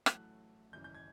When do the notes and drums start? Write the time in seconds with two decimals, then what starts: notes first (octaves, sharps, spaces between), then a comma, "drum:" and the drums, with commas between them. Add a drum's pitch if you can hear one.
0.06 A1 A2 F#3 A3 F#6, drum: rim click
0.72 G#1 F#2 C#3 E3 G6
0.84 G6
0.95 G#6